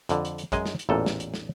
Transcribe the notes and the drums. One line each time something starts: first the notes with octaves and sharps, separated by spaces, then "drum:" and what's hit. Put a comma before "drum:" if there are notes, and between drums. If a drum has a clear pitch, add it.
F2 D3, drum: hi-hat
drum: hi-hat
drum: hi-hat
F#2 G#3 D#5 G#5, drum: kick, hi-hat
drum: snare
drum: hi-hat
A1 E2 A#2 A4
drum: snare
drum: hi-hat
drum: snare